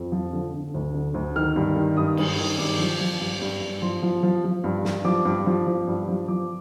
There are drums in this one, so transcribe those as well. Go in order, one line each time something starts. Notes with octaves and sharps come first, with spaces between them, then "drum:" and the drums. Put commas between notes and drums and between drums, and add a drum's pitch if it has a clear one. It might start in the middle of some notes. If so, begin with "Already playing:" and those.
Already playing: F2
F3
D3
D3
D2
D3
D2
D#3 F6
G2
D#3
G2 D#6
G2, drum: cymbal
D#3
G2 D6
F3
F3
G2
G2
G2
F3 C6
F3
F3
F3
G2
G2, drum: snare
F3 D6
G2
F3
F3
G2
F3
F3 D6